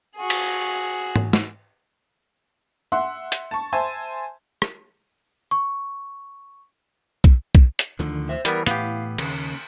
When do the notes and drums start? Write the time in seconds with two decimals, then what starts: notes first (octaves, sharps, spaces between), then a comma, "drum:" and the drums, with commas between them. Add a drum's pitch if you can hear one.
0.16 F#4 G#4
0.30 drum: cymbal
1.16 drum: tom G#2
1.33 drum: snare
2.92 E5 F#5 C6
3.32 drum: hi-hat
3.51 A5 C#6
3.73 C5 E5 G#5 A5 C6
4.62 drum: rim click
5.51 C#6
7.24 drum: kick B1
7.55 drum: kick B1
7.79 drum: hi-hat
7.99 D2 D3 D#3 F3
8.29 C5 E5
8.45 E3 G3 B3 A#4, drum: hi-hat
8.66 A2 E3 B3 G4 F5, drum: hi-hat
9.18 D#2 C#3, drum: cymbal